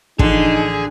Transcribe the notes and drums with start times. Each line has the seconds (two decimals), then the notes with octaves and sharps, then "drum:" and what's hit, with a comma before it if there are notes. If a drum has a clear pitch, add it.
0.19 A1 D3 E3 F3 D#4 G#4, drum: kick